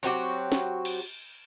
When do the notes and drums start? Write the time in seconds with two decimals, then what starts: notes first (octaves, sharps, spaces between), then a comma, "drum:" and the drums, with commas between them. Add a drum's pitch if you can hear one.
0.03 F#3 C4 F#4 G4
0.52 drum: snare
0.85 drum: cymbal